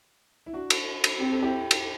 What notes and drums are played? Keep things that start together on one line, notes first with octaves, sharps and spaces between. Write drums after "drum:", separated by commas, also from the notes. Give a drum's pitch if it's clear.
E4
D4 F#4
drum: cymbal
drum: cymbal
C4 G4
A4
E4 G4
drum: cymbal